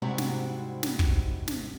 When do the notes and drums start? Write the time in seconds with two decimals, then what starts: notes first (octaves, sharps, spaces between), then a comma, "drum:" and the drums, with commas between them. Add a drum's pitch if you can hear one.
0.02 G#2 C3 G3 C4 E4 F#4
0.18 drum: snare
0.83 drum: snare
0.99 drum: kick
1.48 drum: snare